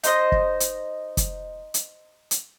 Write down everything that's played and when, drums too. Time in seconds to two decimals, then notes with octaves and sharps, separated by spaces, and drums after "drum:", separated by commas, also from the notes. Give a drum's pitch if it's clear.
0.04 D#4 C5 D#5, drum: hi-hat
0.32 drum: kick
0.60 drum: hi-hat
1.17 drum: kick, hi-hat
1.74 drum: hi-hat
2.31 drum: hi-hat